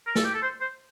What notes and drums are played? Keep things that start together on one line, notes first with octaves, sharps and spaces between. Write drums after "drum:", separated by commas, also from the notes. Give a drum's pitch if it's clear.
A#4
A4, drum: snare
G4
A4
C5
C5